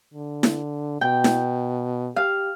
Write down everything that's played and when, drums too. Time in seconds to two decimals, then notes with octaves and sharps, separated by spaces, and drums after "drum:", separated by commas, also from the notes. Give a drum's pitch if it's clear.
0.14 D3
0.43 drum: snare E4
1.01 B2 G5
1.24 drum: snare E4
2.16 G4 F5